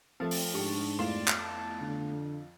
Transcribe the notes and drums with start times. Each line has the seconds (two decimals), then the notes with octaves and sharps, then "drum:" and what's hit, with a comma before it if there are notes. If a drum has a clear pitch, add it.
0.20 F3 A3 C4 A6
0.31 drum: open hi-hat
0.54 G#2 D4 G4 C#6
0.99 F2 A3 B3 E4 D5 F5 C6 E7
1.28 drum: clap
1.39 A5 D6
1.81 D3